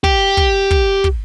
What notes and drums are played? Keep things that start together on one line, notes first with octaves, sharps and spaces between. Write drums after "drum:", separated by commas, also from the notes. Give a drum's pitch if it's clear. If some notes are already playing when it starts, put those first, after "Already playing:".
G4, drum: kick
drum: kick
drum: kick
drum: kick